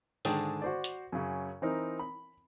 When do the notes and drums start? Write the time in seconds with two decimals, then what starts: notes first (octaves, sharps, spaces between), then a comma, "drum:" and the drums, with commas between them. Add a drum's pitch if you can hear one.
0.25 G#2 D3 D#3 G#4 G5 A5, drum: open hi-hat
0.62 F#4 C5 D5
0.84 drum: hi-hat
1.12 F#2 C#3
1.62 E3 C4 D#4 A#4
1.99 B5